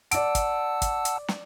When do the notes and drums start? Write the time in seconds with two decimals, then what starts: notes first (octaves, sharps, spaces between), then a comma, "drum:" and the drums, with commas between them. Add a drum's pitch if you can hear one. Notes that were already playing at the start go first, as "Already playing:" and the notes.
0.11 D5 F#5 A5 E6 D7, drum: hi-hat
0.35 drum: kick, hi-hat
0.82 drum: kick, hi-hat
1.05 drum: hi-hat
1.28 drum: snare